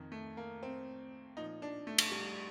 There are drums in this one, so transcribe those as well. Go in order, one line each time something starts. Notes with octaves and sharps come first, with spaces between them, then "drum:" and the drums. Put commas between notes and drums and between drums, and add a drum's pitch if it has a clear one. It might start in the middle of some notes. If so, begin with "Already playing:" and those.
Already playing: F2 D#3
A3
A#3
C4
A#2 F3 D#4
D4
A3
drum: cymbal
G3